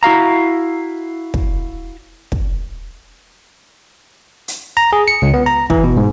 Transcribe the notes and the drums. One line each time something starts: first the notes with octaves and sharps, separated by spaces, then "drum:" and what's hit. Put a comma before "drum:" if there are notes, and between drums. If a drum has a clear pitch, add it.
E4 F#4 F5 A#5
drum: kick
drum: kick
drum: hi-hat
A#5
G#4
C#7
C#2
B3
A#5
E3, drum: kick
B2
G#2